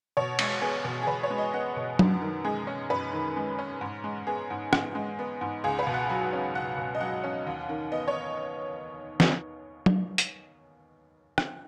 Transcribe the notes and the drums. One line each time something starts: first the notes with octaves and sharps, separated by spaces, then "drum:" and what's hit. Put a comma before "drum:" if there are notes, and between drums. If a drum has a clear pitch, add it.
B2 C#5
G#3, drum: cymbal
B3 G#4
B2
G#4
B2 B4
C#5
G#3
D#5
B3 F#5
B2
F#2, drum: tom
D#3
G#3 G#4
C#4
F#2 B4
D#3
G#3
C#4
G#2
G#3
B3 G#4
G#2
G#2, drum: rim click
G#3
B3
G#2
C#2 G#4
B4
B2
F#5
F#3 G#5
C#4
C#2 F#5
B2
D#5
F#3 F#5
C#4
D#2
D#3
B3 D#5
C#5
drum: snare
drum: tom
drum: hi-hat
drum: rim click